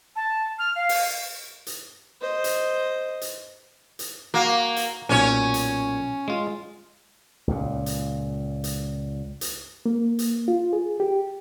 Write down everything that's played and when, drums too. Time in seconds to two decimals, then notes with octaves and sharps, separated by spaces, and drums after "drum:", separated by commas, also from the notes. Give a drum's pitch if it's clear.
0.16 A5
0.59 F6
0.76 F5
0.89 drum: open hi-hat
1.67 drum: hi-hat
2.21 C5 D#5
2.44 drum: hi-hat
3.21 drum: hi-hat
3.99 drum: hi-hat
4.34 A#3 F#4
4.76 drum: hi-hat
5.09 B1 A#2 C#4 C#5
5.54 drum: hi-hat
6.28 G#3 F4
7.48 C#2 A#2
7.86 drum: hi-hat
8.64 drum: hi-hat
9.41 drum: hi-hat
9.86 A#3
10.19 drum: hi-hat
10.48 F4
10.73 G#4
11.00 G4